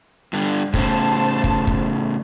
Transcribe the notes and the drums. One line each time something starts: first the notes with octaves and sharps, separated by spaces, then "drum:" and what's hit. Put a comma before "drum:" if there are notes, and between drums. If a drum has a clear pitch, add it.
G2 D3
A2 C#3 C5 A5, drum: kick
drum: kick
drum: kick